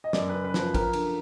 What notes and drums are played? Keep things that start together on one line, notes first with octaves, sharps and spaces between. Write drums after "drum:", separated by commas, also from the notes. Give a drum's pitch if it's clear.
D#5
F#2 D5, drum: snare
C#3 B4
B4
F3 C5, drum: snare
F3 A#4, drum: kick, cymbal
D3, drum: cymbal